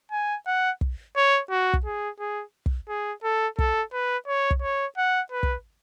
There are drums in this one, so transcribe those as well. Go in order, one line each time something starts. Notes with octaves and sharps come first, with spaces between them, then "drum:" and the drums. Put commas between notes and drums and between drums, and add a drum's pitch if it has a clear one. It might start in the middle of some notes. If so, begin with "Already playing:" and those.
G#5
F#5
drum: kick
C#5
F#4
drum: kick
G#4
G#4
drum: kick
G#4
A4
A4, drum: kick
B4
C#5
drum: kick
C#5
F#5
B4
drum: kick